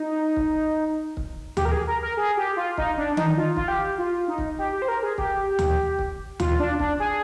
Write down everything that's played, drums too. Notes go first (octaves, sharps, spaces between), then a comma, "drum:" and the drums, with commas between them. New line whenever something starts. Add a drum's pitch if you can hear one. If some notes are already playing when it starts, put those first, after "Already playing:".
Already playing: D#4
drum: kick
drum: kick
G4, drum: tom D2
A#4
G#4
A#4
A#4
G#4
G4
F4
D#4, drum: kick
D4
D#4, drum: tom D#3
F4
F4, drum: kick
G4
F4
D#4
drum: kick
G4
G4
C5
A#4
G#4
G4, drum: kick
drum: tom D2
drum: kick
F4, drum: tom D2
D4
D4, drum: kick
G#4